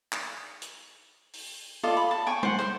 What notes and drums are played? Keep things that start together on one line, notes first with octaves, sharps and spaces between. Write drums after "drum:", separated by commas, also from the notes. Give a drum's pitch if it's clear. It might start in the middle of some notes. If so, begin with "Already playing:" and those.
drum: clap
drum: hi-hat
drum: open hi-hat
F4 A4 D5 D#5
B5
A5
G5 G#5 C#6
C5 F#5, drum: tom G3
C5, drum: rim click